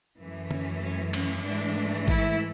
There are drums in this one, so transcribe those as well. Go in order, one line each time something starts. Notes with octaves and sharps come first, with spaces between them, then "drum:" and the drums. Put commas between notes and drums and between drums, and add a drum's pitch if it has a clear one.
F#2 E3 A3
C#4, drum: tom
C#4
C#4, drum: cymbal
G#2 E3 A3 D4
E4, drum: kick G#1